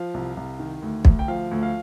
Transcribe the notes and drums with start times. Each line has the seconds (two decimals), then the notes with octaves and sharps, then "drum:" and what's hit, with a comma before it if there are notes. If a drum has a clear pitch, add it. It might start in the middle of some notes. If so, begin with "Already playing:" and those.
Already playing: F3 F5
0.14 C2
0.37 C2
0.59 D#3
0.82 D2
1.05 D2, drum: kick
1.19 G5
1.28 F3 F5
1.51 D2
1.63 F5